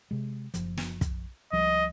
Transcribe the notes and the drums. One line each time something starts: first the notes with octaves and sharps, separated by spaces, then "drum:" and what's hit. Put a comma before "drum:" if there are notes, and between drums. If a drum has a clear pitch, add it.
C3 G#3
F#1 F3, drum: hi-hat
drum: snare
drum: kick, hi-hat
C#2 F3 G3 D#5